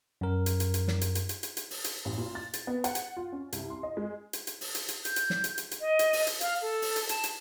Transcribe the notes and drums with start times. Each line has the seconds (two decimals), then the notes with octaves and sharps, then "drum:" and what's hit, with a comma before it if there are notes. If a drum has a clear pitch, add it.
0.21 F#2 A#4
0.46 drum: hi-hat
0.60 drum: hi-hat
0.74 drum: hi-hat
0.88 drum: snare
1.01 drum: hi-hat
1.15 drum: hi-hat
1.29 drum: hi-hat
1.43 drum: hi-hat
1.57 drum: hi-hat
1.71 drum: open hi-hat
1.84 drum: hi-hat
2.05 A1
2.17 A#2
2.35 A6
2.53 drum: hi-hat
2.67 B3
2.84 F#5, drum: hi-hat
2.95 drum: hi-hat
3.17 F4
3.32 C#4
3.52 C2, drum: hi-hat
3.70 C6
3.83 D#5
3.97 G#3
4.33 drum: hi-hat
4.47 drum: hi-hat
4.61 drum: open hi-hat
4.75 drum: hi-hat
4.89 drum: hi-hat
5.05 G6, drum: hi-hat
5.16 drum: hi-hat
5.30 drum: snare
5.44 drum: hi-hat
5.58 drum: hi-hat
5.71 drum: hi-hat
5.81 D#5
5.99 drum: hi-hat
6.13 drum: open hi-hat
6.27 drum: hi-hat
6.41 F5, drum: hi-hat
6.62 A4
6.82 drum: open hi-hat
6.96 drum: hi-hat
7.09 A5, drum: hi-hat
7.24 drum: hi-hat